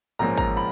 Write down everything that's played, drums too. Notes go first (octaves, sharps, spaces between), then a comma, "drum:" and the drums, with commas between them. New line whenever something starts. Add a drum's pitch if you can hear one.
A#1 G#2 F3 A#3 C#4 A#5
A#5, drum: kick G#1
B5